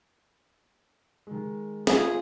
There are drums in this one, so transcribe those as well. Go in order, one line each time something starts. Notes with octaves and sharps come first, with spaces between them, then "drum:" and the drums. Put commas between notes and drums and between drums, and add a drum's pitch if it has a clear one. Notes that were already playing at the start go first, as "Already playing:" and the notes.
D#3 G#3
F4 G#4, drum: snare